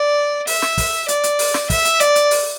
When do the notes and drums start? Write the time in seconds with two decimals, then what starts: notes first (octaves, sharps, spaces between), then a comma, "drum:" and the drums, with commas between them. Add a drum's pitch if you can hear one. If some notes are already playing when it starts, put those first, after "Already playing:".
Already playing: D5
0.47 E5, drum: open hi-hat
0.62 drum: snare
0.78 drum: kick, open hi-hat
1.08 D5, drum: hi-hat
1.24 drum: hi-hat
1.39 drum: open hi-hat
1.54 drum: snare
1.70 E5, drum: kick, open hi-hat
1.85 drum: hi-hat
2.00 D5, drum: hi-hat
2.15 drum: hi-hat
2.31 drum: open hi-hat